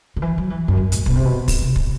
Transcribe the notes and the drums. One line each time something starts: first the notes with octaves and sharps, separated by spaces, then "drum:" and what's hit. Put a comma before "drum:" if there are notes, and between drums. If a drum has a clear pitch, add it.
D3
E3
F#3
E3
F#2
G2
A2, drum: hi-hat
B2, drum: kick
C3
B2
drum: kick, open hi-hat
C3
drum: kick